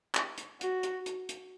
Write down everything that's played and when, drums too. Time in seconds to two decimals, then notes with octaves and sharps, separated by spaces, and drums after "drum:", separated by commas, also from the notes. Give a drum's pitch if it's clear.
0.15 drum: clap
0.38 drum: hi-hat
0.61 F#4, drum: hi-hat
0.83 drum: hi-hat
1.06 drum: hi-hat
1.29 drum: hi-hat